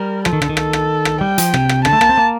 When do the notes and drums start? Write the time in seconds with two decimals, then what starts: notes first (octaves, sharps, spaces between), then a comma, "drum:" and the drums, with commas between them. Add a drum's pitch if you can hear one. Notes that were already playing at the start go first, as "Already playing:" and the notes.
Already playing: G3 A#4
0.25 F3 A4, drum: rim click
0.33 D#3
0.42 D3, drum: rim click
0.49 D#3
0.57 A4, drum: rim click
0.73 drum: rim click
1.05 drum: rim click
1.21 G3 G5
1.38 F3, drum: hi-hat
1.54 C3, drum: rim click
1.69 drum: rim click
1.85 D3 A5, drum: rim click
1.93 A3
2.01 A#3, drum: rim click
2.09 C4
2.18 A#3